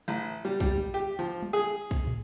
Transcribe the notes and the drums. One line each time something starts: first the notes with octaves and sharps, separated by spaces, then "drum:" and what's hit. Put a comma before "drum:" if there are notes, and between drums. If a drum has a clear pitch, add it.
A1
G3
G3, drum: kick
drum: tom
G4
F3
drum: tom
G#4
drum: kick
drum: tom